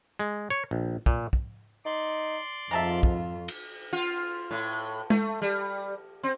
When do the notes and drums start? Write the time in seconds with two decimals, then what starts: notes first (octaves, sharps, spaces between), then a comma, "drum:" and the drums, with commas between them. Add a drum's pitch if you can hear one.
0.19 G#3
0.50 C#5
0.71 A#1
1.06 A#2, drum: kick
1.33 drum: kick
1.85 D#4 D5 C6
2.71 F2 G#2 F4 E5 A5 A#5
3.03 drum: kick
3.48 drum: cymbal
3.93 F4
4.51 A2
5.10 A3, drum: tom G#3
5.42 G3
6.23 C4